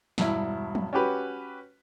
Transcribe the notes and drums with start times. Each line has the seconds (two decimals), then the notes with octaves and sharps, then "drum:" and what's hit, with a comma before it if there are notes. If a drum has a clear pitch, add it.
0.18 E1 G2 E4, drum: snare
0.75 drum: tom
0.93 C#4 F#4 G4 B4